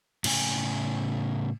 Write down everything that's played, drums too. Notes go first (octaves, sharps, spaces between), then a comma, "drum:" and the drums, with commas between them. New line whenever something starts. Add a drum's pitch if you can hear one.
A2 C#3 G5 G#5, drum: cymbal